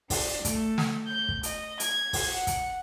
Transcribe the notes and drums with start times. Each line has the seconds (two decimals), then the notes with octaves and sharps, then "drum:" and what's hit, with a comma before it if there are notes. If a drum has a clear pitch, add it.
0.10 D4, drum: kick, open hi-hat
0.45 A3, drum: kick, hi-hat
0.78 drum: snare
1.06 G6
1.29 drum: kick
1.43 D#5, drum: hi-hat
1.80 G#6, drum: hi-hat
2.13 drum: kick, open hi-hat
2.29 F#5
2.47 drum: kick, hi-hat